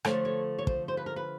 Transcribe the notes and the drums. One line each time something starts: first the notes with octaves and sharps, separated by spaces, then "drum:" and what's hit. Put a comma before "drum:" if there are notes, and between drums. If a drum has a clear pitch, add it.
D3 F3 A3 C#5, drum: rim click
C#5
C#5
C5, drum: kick
C5
B4
A#4
B4